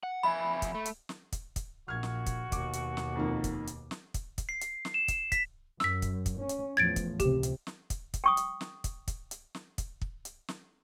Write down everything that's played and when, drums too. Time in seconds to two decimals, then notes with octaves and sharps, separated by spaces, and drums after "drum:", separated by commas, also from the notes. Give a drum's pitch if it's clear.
0.03 F#5
0.23 F2 E5 G#5 B5
0.62 drum: kick, hi-hat
0.74 A3
0.86 drum: hi-hat
1.09 drum: snare
1.32 drum: kick, hi-hat
1.56 drum: kick, hi-hat
1.88 A#1 F#4 F6 G#6
2.03 drum: snare
2.26 drum: kick, hi-hat
2.52 D#2 B2 D6, drum: kick, hi-hat
2.73 drum: hi-hat
2.97 drum: snare
3.15 F2 D#3 A#3
3.44 drum: kick, hi-hat
3.67 drum: hi-hat
3.91 drum: snare
4.14 drum: kick, hi-hat
4.38 drum: kick, hi-hat
4.49 C7
4.61 drum: hi-hat
4.85 drum: snare
4.94 E7
5.08 drum: kick, hi-hat
5.32 B6, drum: kick, hi-hat
5.80 F#2 E6 B6, drum: snare
6.02 drum: kick, hi-hat
6.26 drum: kick, hi-hat
6.39 C#4
6.49 drum: hi-hat
6.77 E2 A2 F3 G#6 A6 D7
6.96 drum: kick, hi-hat
7.20 C#2 C3 G4, drum: kick, hi-hat
7.43 drum: hi-hat
7.67 drum: snare
7.90 drum: kick, hi-hat
8.14 drum: kick, hi-hat
8.24 G5 C#6 D#6
8.37 drum: hi-hat
8.61 drum: snare
8.84 drum: kick, hi-hat
9.08 drum: kick, hi-hat
9.31 drum: hi-hat
9.55 drum: snare
9.78 drum: kick, hi-hat
10.02 drum: kick
10.25 drum: hi-hat
10.48 drum: snare